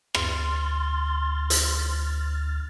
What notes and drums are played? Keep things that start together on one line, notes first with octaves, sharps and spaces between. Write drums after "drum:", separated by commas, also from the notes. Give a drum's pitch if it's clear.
D2 C6 F6 A6, drum: rim click
drum: hi-hat